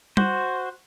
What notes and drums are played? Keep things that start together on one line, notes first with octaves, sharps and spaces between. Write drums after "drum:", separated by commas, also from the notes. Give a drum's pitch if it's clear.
F#4 C5, drum: tom G3